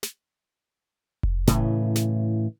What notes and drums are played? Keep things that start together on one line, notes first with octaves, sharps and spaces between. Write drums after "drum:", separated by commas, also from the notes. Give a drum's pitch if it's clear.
drum: snare
drum: kick F1
A2 C#3 E3, drum: snare
drum: snare